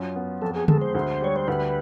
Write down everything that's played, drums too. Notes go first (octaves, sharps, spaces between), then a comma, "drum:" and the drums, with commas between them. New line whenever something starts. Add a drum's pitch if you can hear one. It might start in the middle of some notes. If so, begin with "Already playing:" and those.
Already playing: F#2 F4
B3
F2 A4
G#4
G#3 A4, drum: tom D3
C5
D2
G3 C#5
C5
D2 B4